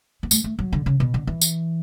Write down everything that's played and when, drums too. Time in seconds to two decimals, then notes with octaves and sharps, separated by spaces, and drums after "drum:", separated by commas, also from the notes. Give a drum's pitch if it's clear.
0.23 B3
0.31 A3, drum: tambourine
0.44 A3
0.59 F#3
0.72 D3
0.86 C#3
1.00 B2
1.14 D3
1.27 E3
1.41 drum: tambourine